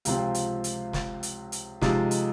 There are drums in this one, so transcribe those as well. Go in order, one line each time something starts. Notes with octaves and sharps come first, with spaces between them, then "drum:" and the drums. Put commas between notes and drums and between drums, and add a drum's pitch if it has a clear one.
C#2 C3 F3 C4, drum: hi-hat
drum: hi-hat
drum: hi-hat
drum: snare
drum: hi-hat
drum: hi-hat
C3 F3 G#3 D#4, drum: snare
drum: hi-hat